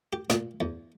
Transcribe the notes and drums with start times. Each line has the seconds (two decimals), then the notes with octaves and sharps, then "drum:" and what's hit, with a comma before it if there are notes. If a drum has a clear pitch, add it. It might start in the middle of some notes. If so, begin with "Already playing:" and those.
0.13 G4
0.30 A#2, drum: snare
0.61 E2